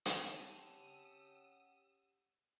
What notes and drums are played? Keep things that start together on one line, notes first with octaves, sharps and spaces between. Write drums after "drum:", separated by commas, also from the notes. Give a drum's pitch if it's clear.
drum: hi-hat
C4 C#4 G4 C#5 F#5 A5 D#6 E6